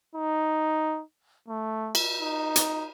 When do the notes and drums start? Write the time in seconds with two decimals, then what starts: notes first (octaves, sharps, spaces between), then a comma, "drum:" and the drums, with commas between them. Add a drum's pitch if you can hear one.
0.15 D#4
1.48 A3
1.95 drum: cymbal
2.21 D#4
2.56 drum: hi-hat